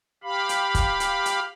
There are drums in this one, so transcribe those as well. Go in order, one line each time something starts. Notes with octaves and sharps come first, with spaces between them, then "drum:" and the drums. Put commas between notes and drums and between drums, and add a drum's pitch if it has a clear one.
G4 F5 B5
drum: hi-hat
drum: kick, hi-hat
drum: hi-hat
drum: hi-hat